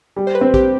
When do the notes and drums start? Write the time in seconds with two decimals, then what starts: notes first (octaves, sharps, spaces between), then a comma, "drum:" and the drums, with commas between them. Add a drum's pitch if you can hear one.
0.16 G3
0.27 C5
0.35 B4
0.41 C4
0.54 G4, drum: kick